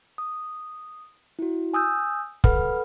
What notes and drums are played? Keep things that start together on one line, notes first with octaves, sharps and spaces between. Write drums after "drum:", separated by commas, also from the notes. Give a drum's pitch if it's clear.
D#6
E4 F#4
G#5 D#6 E6 G6
A4 B4 F#5 B5 F6, drum: kick